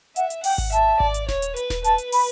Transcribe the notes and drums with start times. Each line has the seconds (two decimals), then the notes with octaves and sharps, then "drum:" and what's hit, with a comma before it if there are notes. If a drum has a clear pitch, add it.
0.16 E5 F#5, drum: hi-hat
0.30 drum: hi-hat
0.44 F#5 G5, drum: open hi-hat
0.58 drum: kick G#1, hi-hat
0.72 E5 A5, drum: hi-hat
1.00 D5, drum: kick G#1
1.14 drum: hi-hat
1.28 C#5, drum: snare D#1
1.42 drum: hi-hat
1.56 B4, drum: hi-hat
1.70 drum: snare D#1
1.84 B4 A5, drum: hi-hat
1.98 drum: hi-hat
2.12 B5, drum: open hi-hat